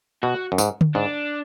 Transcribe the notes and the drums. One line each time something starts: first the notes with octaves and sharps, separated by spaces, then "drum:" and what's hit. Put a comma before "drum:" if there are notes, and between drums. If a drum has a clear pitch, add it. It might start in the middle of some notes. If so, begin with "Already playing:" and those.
B2 F#4
F#2
G#2, drum: tambourine
drum: tom D3
G#2 D4